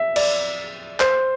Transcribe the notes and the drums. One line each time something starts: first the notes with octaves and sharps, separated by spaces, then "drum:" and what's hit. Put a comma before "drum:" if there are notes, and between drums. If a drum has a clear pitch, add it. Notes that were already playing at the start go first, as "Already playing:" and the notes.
Already playing: E5
D5, drum: cymbal
C5, drum: clap